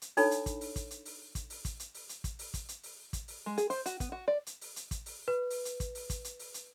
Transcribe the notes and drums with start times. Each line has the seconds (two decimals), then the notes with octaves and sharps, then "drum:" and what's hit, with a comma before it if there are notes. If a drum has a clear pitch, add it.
0.02 drum: hi-hat
0.17 D4 D#4 A4 C#5 B5, drum: open hi-hat
0.31 drum: hi-hat
0.46 drum: kick, hi-hat
0.61 drum: open hi-hat
0.76 drum: kick, hi-hat
0.91 drum: hi-hat
1.05 drum: open hi-hat
1.35 drum: kick, hi-hat
1.50 drum: open hi-hat
1.65 drum: kick, hi-hat
1.80 drum: hi-hat
1.94 drum: open hi-hat
2.09 drum: hi-hat
2.24 drum: kick, hi-hat
2.39 drum: open hi-hat
2.54 drum: kick, hi-hat
2.69 drum: hi-hat
2.83 drum: open hi-hat
3.13 drum: kick, hi-hat
3.28 drum: open hi-hat
3.46 G#3
3.58 G#4, drum: hi-hat
3.70 C5, drum: open hi-hat
3.86 F#4, drum: hi-hat
4.00 B3, drum: kick, hi-hat
4.12 F#4
4.28 D5
4.47 drum: hi-hat
4.61 drum: open hi-hat
4.76 drum: hi-hat
4.91 drum: kick, hi-hat
5.06 drum: open hi-hat
5.28 B4
5.50 drum: open hi-hat
5.65 drum: hi-hat
5.80 drum: kick, hi-hat
5.95 drum: open hi-hat
6.10 drum: kick, hi-hat
6.24 drum: hi-hat
6.39 drum: open hi-hat
6.54 drum: hi-hat